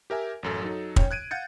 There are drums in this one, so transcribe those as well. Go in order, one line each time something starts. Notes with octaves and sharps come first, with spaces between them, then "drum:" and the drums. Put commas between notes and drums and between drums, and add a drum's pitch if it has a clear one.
G4 A#4 E5 G#5
A1 F#2 A4
F#3 D#4 A4
C#4 C#5 G5, drum: kick
F#6 G#6 D7 D#7
F5 F#5 G6 A6 C#7